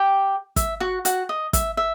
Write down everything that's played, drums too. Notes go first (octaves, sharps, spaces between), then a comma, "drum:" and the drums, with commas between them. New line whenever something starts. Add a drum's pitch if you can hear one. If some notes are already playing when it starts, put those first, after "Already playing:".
Already playing: G4 G5
E5, drum: kick, hi-hat
F#4 F#5
F#4 F#5, drum: hi-hat
D#5
E5, drum: kick, hi-hat
E5